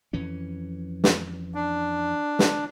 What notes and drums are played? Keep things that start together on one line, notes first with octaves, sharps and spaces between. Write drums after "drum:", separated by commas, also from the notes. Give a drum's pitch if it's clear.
F2 E3 C#4
drum: snare
D4
drum: snare